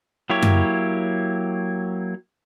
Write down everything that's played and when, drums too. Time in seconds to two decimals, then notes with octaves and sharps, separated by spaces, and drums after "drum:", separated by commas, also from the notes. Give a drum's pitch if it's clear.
0.30 F#3 A#3 E4 G4 C#5
0.43 drum: tom F#2